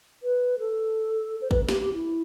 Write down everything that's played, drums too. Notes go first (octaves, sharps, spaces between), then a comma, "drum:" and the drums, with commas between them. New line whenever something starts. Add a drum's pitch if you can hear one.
B4
A4
C5
B4, drum: kick
G4, drum: snare
G4
E4